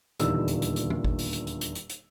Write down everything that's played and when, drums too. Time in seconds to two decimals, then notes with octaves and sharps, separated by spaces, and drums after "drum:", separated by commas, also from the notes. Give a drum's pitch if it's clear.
0.19 D#1 E2 A#2 D3 D#4 E6, drum: hi-hat
0.48 drum: hi-hat
0.62 drum: hi-hat
0.76 drum: hi-hat
0.90 drum: tom
1.05 drum: kick G#1
1.19 drum: open hi-hat
1.33 drum: hi-hat
1.47 drum: hi-hat
1.61 drum: hi-hat
1.75 drum: hi-hat
1.90 drum: hi-hat